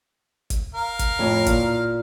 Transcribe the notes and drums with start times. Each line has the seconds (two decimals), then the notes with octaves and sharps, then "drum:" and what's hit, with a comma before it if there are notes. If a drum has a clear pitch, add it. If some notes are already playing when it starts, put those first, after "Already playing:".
0.50 drum: kick G1, hi-hat
0.75 A#4 F5
0.99 drum: kick G1, hi-hat
1.19 F2 A2 C#5
1.46 A#2, drum: kick G1, hi-hat